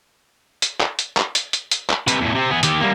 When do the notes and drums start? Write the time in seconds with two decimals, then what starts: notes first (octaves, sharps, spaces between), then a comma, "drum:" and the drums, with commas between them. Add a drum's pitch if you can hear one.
0.62 drum: hi-hat
0.80 drum: clap
0.99 drum: hi-hat
1.17 drum: clap
1.35 drum: hi-hat
1.53 drum: hi-hat
1.71 drum: hi-hat
1.90 drum: clap
2.08 C3 B4, drum: hi-hat
2.21 E2 A2
2.35 C3 C4
2.50 B3 G#4
2.63 D#3 G4, drum: hi-hat
2.81 G3 A#3